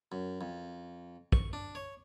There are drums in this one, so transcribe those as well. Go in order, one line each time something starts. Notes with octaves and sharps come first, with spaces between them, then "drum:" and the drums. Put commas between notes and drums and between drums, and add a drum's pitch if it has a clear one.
F#2
F2
C#6, drum: kick
D4
C#5